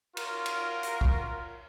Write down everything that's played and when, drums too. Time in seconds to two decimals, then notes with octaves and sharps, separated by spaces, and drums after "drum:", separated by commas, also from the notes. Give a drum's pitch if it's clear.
0.17 F4 F#4 A#4, drum: cymbal
0.46 drum: cymbal
0.83 drum: hi-hat
1.01 drum: kick